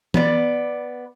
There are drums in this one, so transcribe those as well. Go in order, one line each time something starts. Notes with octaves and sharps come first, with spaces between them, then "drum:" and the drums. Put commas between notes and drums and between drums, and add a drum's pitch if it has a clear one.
B3 D5, drum: tom E3